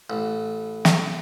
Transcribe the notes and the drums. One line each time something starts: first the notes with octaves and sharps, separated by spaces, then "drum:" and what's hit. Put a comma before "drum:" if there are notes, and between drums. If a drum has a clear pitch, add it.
A1
drum: snare